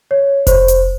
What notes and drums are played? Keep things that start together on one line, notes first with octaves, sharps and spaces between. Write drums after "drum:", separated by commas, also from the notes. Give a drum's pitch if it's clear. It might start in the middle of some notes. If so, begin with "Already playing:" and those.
C#5
C5, drum: kick F1, hi-hat
drum: hi-hat